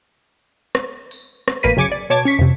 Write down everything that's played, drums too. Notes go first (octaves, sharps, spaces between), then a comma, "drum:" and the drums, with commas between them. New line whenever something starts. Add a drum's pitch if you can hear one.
drum: rim click
drum: open hi-hat
drum: rim click
A1 A#3 B4 B6 D#7
F#2 C#3 G#5 D6 G#6 C#7
D5
B2 C#5 A5 D6 G#6
C#4 C#6 B6
F2 C3